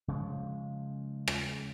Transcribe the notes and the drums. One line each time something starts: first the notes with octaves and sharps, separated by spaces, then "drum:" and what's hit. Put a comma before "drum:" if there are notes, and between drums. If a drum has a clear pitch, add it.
C#3 F3 G#3
drum: rim click